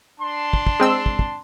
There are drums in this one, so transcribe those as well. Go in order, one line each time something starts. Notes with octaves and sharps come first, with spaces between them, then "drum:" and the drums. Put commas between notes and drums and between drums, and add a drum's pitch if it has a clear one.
D4 A5 C6
drum: kick
drum: kick
G#3 C4 E6
drum: kick
drum: kick